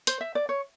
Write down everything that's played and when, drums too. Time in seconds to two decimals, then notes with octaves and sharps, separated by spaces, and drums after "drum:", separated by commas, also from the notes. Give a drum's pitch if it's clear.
0.07 C5, drum: hi-hat
0.21 E5
0.35 D5
0.49 C#5